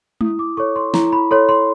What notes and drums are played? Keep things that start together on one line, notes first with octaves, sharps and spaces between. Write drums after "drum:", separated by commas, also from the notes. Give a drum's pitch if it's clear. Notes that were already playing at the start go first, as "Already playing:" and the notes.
E4 D#6, drum: tom G#3
D6
A4 C#5 C#6
C6
E4 A#5, drum: snare
B5
A4 C#5 C6
C6